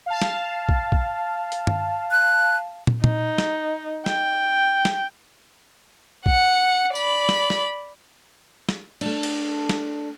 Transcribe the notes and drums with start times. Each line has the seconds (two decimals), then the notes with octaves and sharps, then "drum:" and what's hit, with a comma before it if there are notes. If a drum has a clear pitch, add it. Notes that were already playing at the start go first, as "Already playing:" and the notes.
0.06 F5 A5
0.22 drum: snare
0.69 drum: kick
0.92 drum: kick
1.52 drum: hi-hat
1.67 drum: tom G2
2.11 F#6
2.87 drum: tom
3.04 D#4, drum: tom
3.38 drum: snare
4.06 G5, drum: snare
4.85 drum: snare
6.26 F#5 C#7, drum: kick
6.95 D5 B5, drum: tambourine
7.29 drum: snare
7.50 drum: snare
8.69 drum: snare
9.01 A3 D4, drum: cymbal
9.23 drum: cymbal
9.69 drum: snare